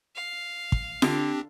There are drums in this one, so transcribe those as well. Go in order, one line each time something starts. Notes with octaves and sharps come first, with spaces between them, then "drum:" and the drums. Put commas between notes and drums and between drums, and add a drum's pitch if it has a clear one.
F5
drum: kick
D3 C4 D4 G4, drum: snare F4